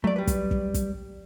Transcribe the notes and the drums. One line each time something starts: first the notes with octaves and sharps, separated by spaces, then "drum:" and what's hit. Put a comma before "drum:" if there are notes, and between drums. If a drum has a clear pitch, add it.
F#3 A3 D5
G3 B4
drum: kick, hi-hat
drum: kick
drum: kick, hi-hat